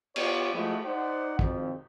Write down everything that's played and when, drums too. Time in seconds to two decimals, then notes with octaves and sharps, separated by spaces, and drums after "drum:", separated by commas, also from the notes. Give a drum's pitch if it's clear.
0.16 B3 F4 G4 C#5 D5, drum: cymbal
0.53 F3 G#3 A3 E4 F#4
0.85 D#4 C5 D5 F#5
1.39 G#1 F2, drum: kick